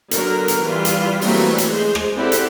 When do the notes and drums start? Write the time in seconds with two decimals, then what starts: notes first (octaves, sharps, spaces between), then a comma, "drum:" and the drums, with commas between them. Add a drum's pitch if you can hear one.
0.11 D3 F#3 B3 A#4, drum: hi-hat
0.48 drum: hi-hat
0.63 E3 G3 F4
0.85 drum: hi-hat
1.21 E3 F#3 G3 A3 A#3 C4, drum: open hi-hat
1.58 drum: hi-hat
1.68 G#3 C5
1.95 drum: rim click
2.16 C4 E4 G4 A4 D5 F#5
2.32 drum: hi-hat